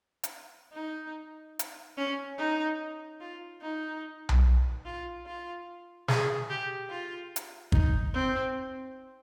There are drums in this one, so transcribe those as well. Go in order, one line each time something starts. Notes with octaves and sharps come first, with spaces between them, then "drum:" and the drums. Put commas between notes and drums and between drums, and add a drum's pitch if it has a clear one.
drum: hi-hat
D#4
drum: hi-hat
C#4
D#4
F4
D#4
drum: tom B1
F4
F4
G#4, drum: snare
G4
F4
drum: hi-hat
D#4, drum: kick G1
C4